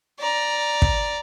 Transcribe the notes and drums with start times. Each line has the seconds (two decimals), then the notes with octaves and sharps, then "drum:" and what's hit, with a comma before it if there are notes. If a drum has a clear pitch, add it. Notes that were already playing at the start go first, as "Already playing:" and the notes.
0.19 D5 A#5
0.82 drum: kick